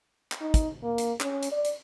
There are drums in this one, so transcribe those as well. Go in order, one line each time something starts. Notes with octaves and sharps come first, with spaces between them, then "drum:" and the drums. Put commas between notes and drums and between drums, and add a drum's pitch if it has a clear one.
drum: clap
D#4
drum: kick, hi-hat
A#3
drum: hi-hat
C#4, drum: clap
drum: hi-hat
D5
drum: hi-hat